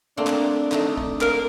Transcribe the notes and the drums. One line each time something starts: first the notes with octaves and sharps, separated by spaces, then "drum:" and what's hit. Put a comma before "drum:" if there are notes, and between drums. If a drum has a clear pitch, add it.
A3 A#3 C4 D4
drum: clap
A3 D#4, drum: clap
drum: kick
A#4, drum: clap